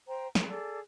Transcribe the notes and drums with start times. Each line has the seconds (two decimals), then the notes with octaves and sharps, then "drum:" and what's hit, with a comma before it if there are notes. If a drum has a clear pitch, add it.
0.08 C5 G5 A#5
0.35 G#4 A#4, drum: snare
0.49 G#4 A4 D5